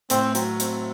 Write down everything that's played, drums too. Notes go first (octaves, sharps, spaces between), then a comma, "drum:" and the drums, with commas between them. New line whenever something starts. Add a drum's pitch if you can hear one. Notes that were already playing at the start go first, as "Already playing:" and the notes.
A2 C4, drum: hi-hat
F#3, drum: hi-hat
C4, drum: hi-hat